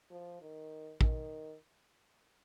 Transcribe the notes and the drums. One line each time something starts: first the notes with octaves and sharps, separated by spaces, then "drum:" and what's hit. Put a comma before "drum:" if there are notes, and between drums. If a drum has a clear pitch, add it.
F3
D#3
D#3, drum: kick A1